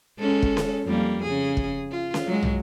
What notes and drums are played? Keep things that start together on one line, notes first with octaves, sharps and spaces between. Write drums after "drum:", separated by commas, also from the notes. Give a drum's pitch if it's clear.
G#3 C#4 A4
drum: kick
drum: snare C#4
F2 G3 A#3
C#3 G#4
drum: kick
F4
drum: snare C#4
F#3 G#3
drum: tom